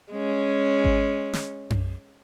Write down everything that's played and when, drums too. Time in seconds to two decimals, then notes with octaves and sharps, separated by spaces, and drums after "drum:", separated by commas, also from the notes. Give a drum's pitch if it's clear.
0.12 G#3 C#4
0.84 drum: kick G#1
1.33 drum: snare
1.70 drum: tom F#2